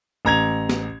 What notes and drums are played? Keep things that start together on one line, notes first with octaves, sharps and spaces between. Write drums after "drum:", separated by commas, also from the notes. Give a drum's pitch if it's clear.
A1 A#5 G#6 F7
drum: snare